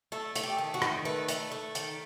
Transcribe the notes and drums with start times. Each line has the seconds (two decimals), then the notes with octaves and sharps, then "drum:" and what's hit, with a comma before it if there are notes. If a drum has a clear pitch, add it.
0.12 A3 A4
0.35 A3, drum: hi-hat
0.43 G4
0.58 D#3
0.74 F#4
0.82 D#3, drum: rim click
1.05 A3 B4
1.28 A3, drum: hi-hat
1.52 A3
1.75 D#3, drum: hi-hat